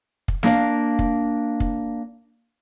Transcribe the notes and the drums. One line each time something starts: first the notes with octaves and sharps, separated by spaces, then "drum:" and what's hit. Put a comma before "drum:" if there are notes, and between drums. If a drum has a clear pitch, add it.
drum: kick
A#3 D4 F5, drum: snare
drum: kick
drum: kick